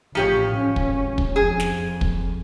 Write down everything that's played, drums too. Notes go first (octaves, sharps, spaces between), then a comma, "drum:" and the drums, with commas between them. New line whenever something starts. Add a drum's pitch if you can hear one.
A1 F3 G4 C#5
G#1 C#4
drum: kick
drum: kick
F2 G#4
drum: snare
drum: kick